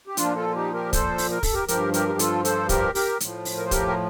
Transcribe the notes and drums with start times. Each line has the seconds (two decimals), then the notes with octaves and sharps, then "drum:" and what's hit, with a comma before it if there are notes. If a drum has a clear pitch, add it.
0.07 G4
0.17 A#2 F3 D4 F4, drum: hi-hat
0.36 F4 A4
0.49 F4
0.55 D#4 G4
0.74 G4 A#4
0.93 A4 C5, drum: kick, hi-hat
1.18 drum: open hi-hat
1.31 A#4
1.43 A4, drum: kick, open hi-hat
1.54 G4 A#4
1.68 G2 F3 G4 A#4, drum: hi-hat
1.94 G4 A#4, drum: hi-hat
2.09 G4
2.19 F4 A4, drum: hi-hat
2.45 A4 C5, drum: hi-hat
2.69 G4 A#4, drum: kick, hi-hat
2.95 G4 A#4, drum: open hi-hat
3.20 A2 F3, drum: hi-hat
3.45 drum: open hi-hat
3.58 A#4
3.65 C5
3.71 G4 A#4, drum: kick, hi-hat
3.88 A#4